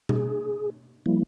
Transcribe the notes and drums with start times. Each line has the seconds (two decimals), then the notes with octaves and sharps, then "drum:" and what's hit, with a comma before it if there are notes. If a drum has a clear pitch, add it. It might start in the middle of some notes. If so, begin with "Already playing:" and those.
0.09 G#4, drum: tom B2
1.06 F3 G3 A#3 E4